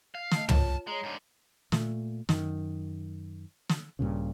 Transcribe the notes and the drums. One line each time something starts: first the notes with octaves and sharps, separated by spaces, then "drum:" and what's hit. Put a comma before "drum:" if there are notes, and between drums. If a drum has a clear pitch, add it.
F5
A3 D#5, drum: snare
F4 C#5 A5, drum: tom
G#3 C#5 A#5
G#2 D3
A#2 A3, drum: snare
F#2 D#3, drum: snare
drum: snare
A#1 G2 A#2 C#3